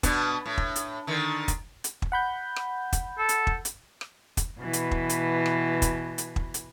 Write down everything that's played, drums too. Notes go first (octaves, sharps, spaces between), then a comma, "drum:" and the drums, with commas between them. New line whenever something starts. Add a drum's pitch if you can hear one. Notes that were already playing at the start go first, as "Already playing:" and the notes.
B2 B3 D4, drum: kick, hi-hat
A2
drum: kick
drum: hi-hat
D3 D#3
drum: kick, hi-hat
drum: hi-hat
drum: kick
F#5 B5 G6
drum: rim click
drum: kick, hi-hat
A4
drum: hi-hat
drum: kick
drum: hi-hat
drum: rim click
drum: kick, hi-hat
B2 E3
drum: hi-hat
drum: kick
drum: hi-hat
drum: rim click
drum: kick, hi-hat
drum: hi-hat
drum: kick
drum: hi-hat